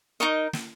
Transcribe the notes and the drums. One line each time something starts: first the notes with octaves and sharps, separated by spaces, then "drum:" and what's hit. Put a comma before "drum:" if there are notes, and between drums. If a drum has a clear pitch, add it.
D#4 A#4 D#5 C#6
drum: snare